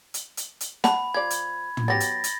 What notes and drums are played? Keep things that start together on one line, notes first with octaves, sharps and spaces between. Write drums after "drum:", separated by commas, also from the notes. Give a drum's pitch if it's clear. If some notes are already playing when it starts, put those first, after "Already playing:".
drum: hi-hat
drum: hi-hat
drum: hi-hat
F#5 A5 B5, drum: snare
F3 D5 G#6
drum: hi-hat
drum: tom
F#3 B3 G4 A6 A#6
drum: hi-hat
drum: hi-hat